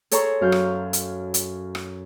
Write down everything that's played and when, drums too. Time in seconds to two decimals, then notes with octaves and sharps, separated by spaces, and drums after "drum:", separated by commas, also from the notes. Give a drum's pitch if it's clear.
0.11 G#4 A4 C#5 A#5 C6 C#6, drum: hi-hat
0.41 F#2 F5 G6
0.52 drum: rim click
0.93 drum: hi-hat
1.34 drum: hi-hat
1.75 drum: rim click